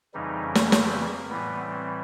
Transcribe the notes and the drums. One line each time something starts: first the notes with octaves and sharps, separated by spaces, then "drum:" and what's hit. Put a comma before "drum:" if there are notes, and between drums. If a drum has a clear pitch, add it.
F2 C#3 E3 G3 D#4
C#4
drum: snare
C4, drum: snare
A#3
A2 E3 G3 B3
C4